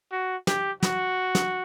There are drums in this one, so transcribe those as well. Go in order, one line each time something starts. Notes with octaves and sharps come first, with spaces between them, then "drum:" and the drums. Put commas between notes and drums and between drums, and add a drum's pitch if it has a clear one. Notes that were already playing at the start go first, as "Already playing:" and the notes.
F#4
G4, drum: snare
F#4, drum: snare
drum: snare